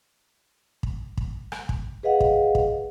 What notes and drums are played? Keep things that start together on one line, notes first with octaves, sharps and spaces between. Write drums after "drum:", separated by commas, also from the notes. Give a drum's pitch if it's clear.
drum: kick
drum: kick
drum: rim click
drum: kick
G#4 B4 D#5 F5 F#5
drum: kick
drum: kick